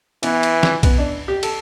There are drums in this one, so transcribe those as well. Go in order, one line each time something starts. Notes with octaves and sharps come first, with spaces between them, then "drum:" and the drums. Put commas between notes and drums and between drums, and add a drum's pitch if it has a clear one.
E3 B3, drum: cymbal
drum: cymbal
drum: snare
B3, drum: kick B1, cymbal
D4
G4
A4, drum: cymbal